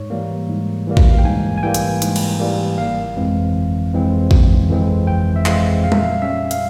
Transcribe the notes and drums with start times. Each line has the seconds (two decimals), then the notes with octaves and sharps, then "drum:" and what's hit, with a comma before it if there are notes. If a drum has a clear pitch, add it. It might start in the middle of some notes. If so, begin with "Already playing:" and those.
Already playing: G#2 C#5
0.10 E3 G3 A#3
0.49 G#2
0.87 E3 G3 A#3
0.97 drum: kick A1
1.11 F5
1.19 G5
1.25 G#2 G#5
1.58 G#5
1.63 E3 G3 A#3 G5
1.74 drum: hi-hat
2.02 G#2, drum: hi-hat
2.16 drum: cymbal
2.40 E3 G3 A#3
2.78 G1 F5
3.16 F2 E3 G#3 C4
3.55 G1
3.93 F2 E3 G#3 C4
4.31 G1, drum: kick A1
4.69 F2 E3 G#3 C4
5.07 G1 G5
5.36 E5
5.46 F2 E3 G#3 C4 F5, drum: clap
5.84 A#2 F5
5.92 E5, drum: tom
6.00 F5
6.22 G3 C#4 E5
6.51 F5, drum: hi-hat